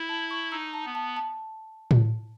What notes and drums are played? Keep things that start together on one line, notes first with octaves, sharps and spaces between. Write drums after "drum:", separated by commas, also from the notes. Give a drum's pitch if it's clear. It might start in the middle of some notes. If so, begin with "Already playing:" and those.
Already playing: E4
A5
C#6
D#4 E6
A5
B3
A5
A5
drum: tom A2